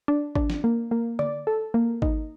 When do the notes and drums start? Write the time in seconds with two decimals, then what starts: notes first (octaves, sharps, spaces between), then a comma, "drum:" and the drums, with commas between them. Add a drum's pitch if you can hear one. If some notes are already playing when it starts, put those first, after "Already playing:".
0.08 D4
0.35 D4, drum: kick G#1
0.50 drum: snare
0.64 A#3
0.91 A#3
1.19 D5, drum: tom D3
1.47 A4
1.74 A#3
2.02 D#4, drum: kick G#1